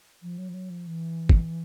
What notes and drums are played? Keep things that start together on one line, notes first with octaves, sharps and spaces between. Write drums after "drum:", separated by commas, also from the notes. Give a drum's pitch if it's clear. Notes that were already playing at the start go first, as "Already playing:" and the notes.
F3
F#3
F3
F#3
F3
E3
drum: kick